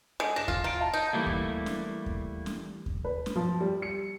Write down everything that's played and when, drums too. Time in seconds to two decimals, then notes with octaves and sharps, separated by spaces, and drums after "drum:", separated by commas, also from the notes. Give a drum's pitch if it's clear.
0.20 D3 G#3
0.36 D4 A#6 E7
0.48 F4, drum: kick D#2
0.64 F4 A#5 D7
0.80 F5 A5
0.93 D#4
1.13 E3 G3 A3 A#3
1.26 drum: kick D#2
1.66 drum: snare
2.06 drum: kick D#2
2.46 drum: snare
2.86 drum: kick D#2
3.05 B4
3.26 drum: snare
3.36 F3
3.61 G3
3.82 C#7